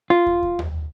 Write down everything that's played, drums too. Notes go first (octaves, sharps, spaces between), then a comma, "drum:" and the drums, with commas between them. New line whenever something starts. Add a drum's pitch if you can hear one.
F4
drum: kick
drum: kick
drum: tom D#2